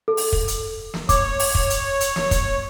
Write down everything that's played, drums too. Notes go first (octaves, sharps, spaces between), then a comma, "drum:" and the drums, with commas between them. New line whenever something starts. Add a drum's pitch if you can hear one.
A4
drum: open hi-hat
drum: kick
drum: hi-hat
drum: snare
C#5 D6, drum: kick, hi-hat
drum: open hi-hat
drum: kick
drum: hi-hat
drum: hi-hat
drum: snare
drum: kick, hi-hat